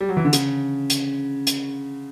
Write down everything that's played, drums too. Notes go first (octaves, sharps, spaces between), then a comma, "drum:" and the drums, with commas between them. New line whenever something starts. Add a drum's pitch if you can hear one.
G3
F#3
E3
D3
C#3, drum: hi-hat
drum: hi-hat
drum: hi-hat